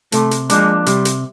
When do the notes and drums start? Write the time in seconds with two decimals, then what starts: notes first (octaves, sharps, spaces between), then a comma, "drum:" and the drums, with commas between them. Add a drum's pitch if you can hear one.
0.12 C3 A3, drum: hi-hat
0.31 drum: hi-hat
0.50 F3 G#3 A#3 D4, drum: hi-hat
0.86 C3 G3, drum: hi-hat
1.05 drum: hi-hat